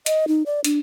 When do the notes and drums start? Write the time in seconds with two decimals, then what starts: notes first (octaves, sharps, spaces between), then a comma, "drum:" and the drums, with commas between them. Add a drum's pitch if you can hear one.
0.06 D#5, drum: hi-hat
0.28 D#4
0.46 D5
0.64 D4, drum: hi-hat